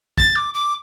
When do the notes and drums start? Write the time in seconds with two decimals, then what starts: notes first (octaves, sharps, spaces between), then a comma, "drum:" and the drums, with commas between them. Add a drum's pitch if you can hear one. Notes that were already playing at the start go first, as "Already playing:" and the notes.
0.18 A6, drum: kick
0.36 D6
0.54 D6